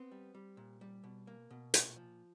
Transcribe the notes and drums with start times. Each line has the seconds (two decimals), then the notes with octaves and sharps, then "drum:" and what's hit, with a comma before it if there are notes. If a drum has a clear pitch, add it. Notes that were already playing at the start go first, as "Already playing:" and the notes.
Already playing: B3 C4
0.11 G3
0.35 G3
0.57 A#2
0.81 G3
1.04 B2
1.27 A#3
1.50 B2
1.74 A#2, drum: hi-hat
1.96 F3